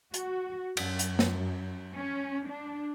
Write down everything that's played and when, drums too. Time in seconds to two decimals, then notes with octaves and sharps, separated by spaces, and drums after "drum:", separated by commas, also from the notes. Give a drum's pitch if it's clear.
0.14 F#4, drum: hi-hat
0.77 F#2, drum: cymbal
0.99 drum: hi-hat
1.19 drum: snare
1.94 C#4
2.47 D4